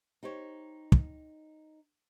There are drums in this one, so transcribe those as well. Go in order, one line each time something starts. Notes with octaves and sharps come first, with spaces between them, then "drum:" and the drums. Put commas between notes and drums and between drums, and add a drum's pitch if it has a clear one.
D#4 G4 C5 C#5
drum: kick